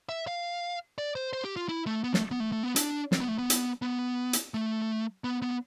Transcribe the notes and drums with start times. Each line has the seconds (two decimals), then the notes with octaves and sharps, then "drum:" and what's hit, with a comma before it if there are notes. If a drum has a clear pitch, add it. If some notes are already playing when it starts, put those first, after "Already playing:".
0.09 E5
0.27 F5
0.98 D5
1.15 C5
1.33 C5
1.45 G4
1.56 F4
1.69 E4
1.87 A3
2.04 B3
2.14 A3, drum: snare
2.31 B3
2.40 A3
2.52 A3
2.63 B3
2.76 D4, drum: hi-hat
3.12 C4, drum: snare
3.20 B3
3.28 A3
3.38 B3
3.50 drum: hi-hat
3.82 B3
4.33 drum: hi-hat
4.54 A3
5.24 B3
5.42 B3